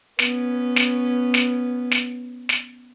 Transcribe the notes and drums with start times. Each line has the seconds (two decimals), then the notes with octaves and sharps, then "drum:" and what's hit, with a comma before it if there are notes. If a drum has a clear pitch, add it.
0.19 B3 C#4, drum: snare
0.76 drum: snare
1.34 drum: snare
1.91 drum: snare
2.49 drum: snare